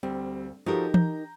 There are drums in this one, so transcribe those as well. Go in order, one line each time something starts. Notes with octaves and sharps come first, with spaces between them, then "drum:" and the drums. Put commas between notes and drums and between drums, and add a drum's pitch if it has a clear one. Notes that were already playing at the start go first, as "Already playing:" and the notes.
D2 G3 C4
F3 D#4 F#4 G4 A4 A#4
A#5 G6, drum: tom E3